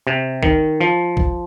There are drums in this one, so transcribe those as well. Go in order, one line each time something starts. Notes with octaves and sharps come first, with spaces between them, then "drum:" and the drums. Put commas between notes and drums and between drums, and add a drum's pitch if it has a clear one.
C3
D#3, drum: kick
F3
drum: kick